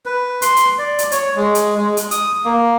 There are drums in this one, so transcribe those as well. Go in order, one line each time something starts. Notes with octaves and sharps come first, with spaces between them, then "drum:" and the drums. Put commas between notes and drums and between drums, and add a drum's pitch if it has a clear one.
B4
C6, drum: hi-hat
drum: hi-hat
D5
drum: hi-hat
C#5, drum: hi-hat
G#3
drum: hi-hat
G#3
drum: hi-hat
D#6, drum: hi-hat
A#3